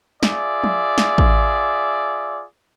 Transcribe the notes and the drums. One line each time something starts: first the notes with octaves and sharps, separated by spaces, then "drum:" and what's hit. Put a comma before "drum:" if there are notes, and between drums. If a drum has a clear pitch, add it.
F4 G#4 D5 E5, drum: snare
drum: tom
drum: snare
drum: kick A1